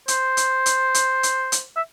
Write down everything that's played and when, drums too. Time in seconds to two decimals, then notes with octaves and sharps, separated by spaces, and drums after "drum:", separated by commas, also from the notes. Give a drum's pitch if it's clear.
0.08 C5, drum: hi-hat
0.37 drum: hi-hat
0.66 drum: hi-hat
0.94 drum: hi-hat
1.23 drum: hi-hat
1.52 drum: hi-hat
1.76 E5